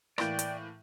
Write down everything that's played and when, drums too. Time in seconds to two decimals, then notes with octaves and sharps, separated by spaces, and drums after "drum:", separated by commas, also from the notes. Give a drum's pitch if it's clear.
0.18 A2 E3 A#3 D5 G5, drum: rim click
0.39 drum: hi-hat